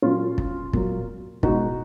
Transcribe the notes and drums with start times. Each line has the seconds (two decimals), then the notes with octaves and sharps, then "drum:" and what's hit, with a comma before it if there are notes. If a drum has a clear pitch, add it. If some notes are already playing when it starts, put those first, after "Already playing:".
0.02 A#2 F#3 C#4 F4
0.38 drum: kick
0.73 A#2 F#3, drum: kick
1.43 B2 G#3 D#4 F#4, drum: kick